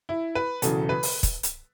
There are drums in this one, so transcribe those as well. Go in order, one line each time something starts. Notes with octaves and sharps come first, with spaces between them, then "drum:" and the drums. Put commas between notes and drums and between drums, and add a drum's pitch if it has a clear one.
E4
B4
E1 E2 C#3 F#3 A4, drum: hi-hat
B4
drum: open hi-hat
drum: kick, hi-hat
drum: hi-hat